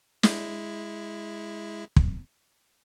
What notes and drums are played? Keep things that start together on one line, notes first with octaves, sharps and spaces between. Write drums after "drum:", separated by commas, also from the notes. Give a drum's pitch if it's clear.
G#3 E4, drum: snare
drum: kick